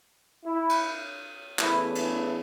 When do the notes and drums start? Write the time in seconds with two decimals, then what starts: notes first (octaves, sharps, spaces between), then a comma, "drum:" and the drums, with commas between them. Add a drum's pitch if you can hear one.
0.45 E4
0.70 drum: cymbal
1.59 E2 C#3 E3 A3 E4, drum: clap
1.95 drum: cymbal